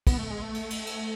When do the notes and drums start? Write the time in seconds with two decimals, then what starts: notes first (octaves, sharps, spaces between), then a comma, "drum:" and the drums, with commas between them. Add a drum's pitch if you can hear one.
0.07 B3, drum: kick, cymbal
0.18 A3
0.30 G#3
0.42 A3
0.54 drum: cymbal
0.70 drum: cymbal
0.86 drum: cymbal